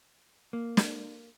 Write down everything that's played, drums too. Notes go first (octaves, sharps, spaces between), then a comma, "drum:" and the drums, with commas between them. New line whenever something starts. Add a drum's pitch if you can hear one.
A#3
drum: snare